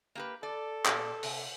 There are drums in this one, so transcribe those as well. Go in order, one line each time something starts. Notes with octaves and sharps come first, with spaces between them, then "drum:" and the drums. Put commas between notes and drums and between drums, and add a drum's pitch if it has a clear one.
A#3 G4 B4
A4 D5
A#2 D5, drum: clap
C3, drum: open hi-hat